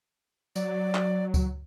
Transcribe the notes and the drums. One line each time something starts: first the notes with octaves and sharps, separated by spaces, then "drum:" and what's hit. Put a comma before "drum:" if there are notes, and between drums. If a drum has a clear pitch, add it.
F#3 D5, drum: tambourine
drum: clap
drum: kick C#2, tambourine